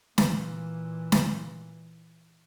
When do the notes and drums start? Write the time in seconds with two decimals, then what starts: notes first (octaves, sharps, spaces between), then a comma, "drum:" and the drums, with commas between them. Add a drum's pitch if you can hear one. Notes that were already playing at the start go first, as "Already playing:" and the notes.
0.18 A#2 E3, drum: snare
1.12 drum: snare